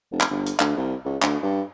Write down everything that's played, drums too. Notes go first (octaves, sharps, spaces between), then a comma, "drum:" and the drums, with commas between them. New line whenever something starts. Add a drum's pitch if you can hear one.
F1
drum: clap
G1
drum: hi-hat
D2, drum: clap
C2
C#2
D2, drum: clap
G2